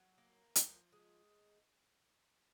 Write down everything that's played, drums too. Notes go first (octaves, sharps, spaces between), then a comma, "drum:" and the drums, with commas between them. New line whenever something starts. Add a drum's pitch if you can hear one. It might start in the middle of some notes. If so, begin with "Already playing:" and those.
Already playing: F#3
A#3
F3, drum: hi-hat
G#3